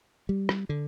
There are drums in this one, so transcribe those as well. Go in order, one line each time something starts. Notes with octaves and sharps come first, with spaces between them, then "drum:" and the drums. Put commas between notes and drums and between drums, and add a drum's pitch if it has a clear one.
G3
drum: rim click
D3